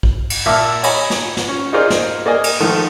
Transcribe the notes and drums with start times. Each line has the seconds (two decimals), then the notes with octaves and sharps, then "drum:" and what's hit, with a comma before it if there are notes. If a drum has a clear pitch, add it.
0.03 drum: kick
0.30 drum: cymbal
0.46 A#2 E5 A5 D6 F6
0.83 C#5 D#5 G#5 A#5 B5, drum: cymbal
1.10 drum: snare
1.37 drum: snare
1.48 C#4
1.73 D#4 F4 G#4 A#4 C5 D5
1.90 drum: snare
2.26 A#3 D5 D#5 G#5
2.44 drum: cymbal
2.60 G#2 D#3 F3 A3